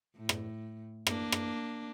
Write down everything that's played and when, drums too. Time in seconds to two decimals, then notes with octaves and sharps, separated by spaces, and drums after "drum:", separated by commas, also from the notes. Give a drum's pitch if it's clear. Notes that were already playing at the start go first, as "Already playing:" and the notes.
0.16 A2
0.29 drum: rim click
1.07 A#3 D4, drum: rim click
1.32 drum: rim click